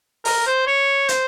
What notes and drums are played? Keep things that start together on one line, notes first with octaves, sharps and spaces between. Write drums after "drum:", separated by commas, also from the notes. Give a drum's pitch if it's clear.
A#4, drum: open hi-hat
C5
C#5
C5, drum: hi-hat